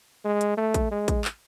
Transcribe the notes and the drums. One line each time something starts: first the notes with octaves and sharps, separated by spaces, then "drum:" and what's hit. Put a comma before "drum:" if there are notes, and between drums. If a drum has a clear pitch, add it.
G#3
drum: hi-hat
A3
drum: kick, hi-hat
G#3
drum: kick, hi-hat
drum: clap